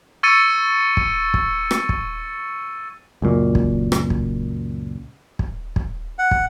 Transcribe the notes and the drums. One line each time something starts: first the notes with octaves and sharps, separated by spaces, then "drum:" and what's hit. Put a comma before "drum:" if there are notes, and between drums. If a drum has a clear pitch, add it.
C#6 E6 G#6 A6 C#7 D#7
drum: kick
drum: kick
drum: rim click
drum: kick
C#2 F#2 A#2
drum: kick
drum: rim click
drum: kick
drum: kick
drum: kick
F#5
drum: kick